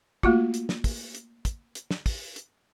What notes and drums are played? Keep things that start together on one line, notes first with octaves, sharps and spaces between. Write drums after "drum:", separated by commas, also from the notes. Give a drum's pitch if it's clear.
A3 A#3 F4 F#4, drum: kick
drum: hi-hat
drum: snare
drum: kick, open hi-hat
drum: hi-hat
drum: kick, hi-hat
drum: hi-hat
drum: snare
drum: kick, open hi-hat
drum: hi-hat